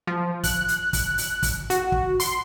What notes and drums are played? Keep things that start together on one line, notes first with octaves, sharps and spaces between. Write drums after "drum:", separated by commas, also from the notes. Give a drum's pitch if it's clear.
F3
F#6, drum: kick, open hi-hat
drum: hi-hat
drum: kick, open hi-hat
drum: open hi-hat
drum: kick, open hi-hat
F#4, drum: hi-hat
drum: kick
C6, drum: open hi-hat